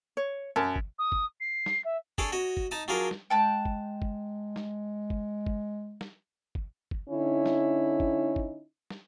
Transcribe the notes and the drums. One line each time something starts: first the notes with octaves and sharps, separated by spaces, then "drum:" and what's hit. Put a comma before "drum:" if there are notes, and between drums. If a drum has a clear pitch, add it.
C#5
F#2 A5
drum: kick
D#6
drum: kick
C7
drum: snare
E5
D4 G#4 A4 C#5 D5, drum: kick
F#4 C#5 D#5
drum: kick
D#4 A5 D#6
F#3 D4 F4 G#4 A#4
drum: snare
G#3 G5 A5 F#6
drum: kick
drum: kick
drum: snare
drum: kick
drum: kick
drum: snare
drum: kick
drum: kick
D3 C#4 D#4 E4
drum: snare
drum: kick
drum: kick
drum: snare